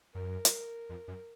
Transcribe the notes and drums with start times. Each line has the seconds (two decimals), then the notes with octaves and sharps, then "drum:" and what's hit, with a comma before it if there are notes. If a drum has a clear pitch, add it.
0.14 F#2 A#4
0.45 drum: hi-hat
0.89 F2
1.08 F#2